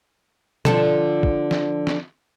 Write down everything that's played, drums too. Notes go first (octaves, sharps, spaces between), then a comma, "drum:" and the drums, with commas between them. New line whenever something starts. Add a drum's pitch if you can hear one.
D3 F3 A4, drum: tom B2
drum: kick
drum: snare
drum: snare